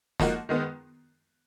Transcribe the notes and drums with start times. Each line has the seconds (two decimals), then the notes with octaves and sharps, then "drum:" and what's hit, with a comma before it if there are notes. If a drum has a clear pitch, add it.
0.20 F3 A#3 D#4 F#4, drum: snare
0.49 D#3 G#3 B3